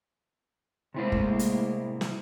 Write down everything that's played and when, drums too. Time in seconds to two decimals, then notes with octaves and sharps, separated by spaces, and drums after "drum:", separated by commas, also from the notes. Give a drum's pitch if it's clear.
0.94 A2 C3 G#3 A#3 E4 C5
1.12 drum: kick
1.39 drum: hi-hat
2.01 drum: snare